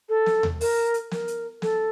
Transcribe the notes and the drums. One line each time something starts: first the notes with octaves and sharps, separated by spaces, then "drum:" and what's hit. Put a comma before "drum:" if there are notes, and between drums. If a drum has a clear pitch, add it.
A4
drum: snare
drum: tom D#2
A#4, drum: open hi-hat
drum: hi-hat
A#4, drum: snare
drum: hi-hat
A4, drum: snare